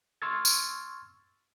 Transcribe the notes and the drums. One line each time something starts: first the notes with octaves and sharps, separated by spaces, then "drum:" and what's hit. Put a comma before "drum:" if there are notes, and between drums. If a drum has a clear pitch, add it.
C6 C#6 E6 F6 G#6 A6
drum: tambourine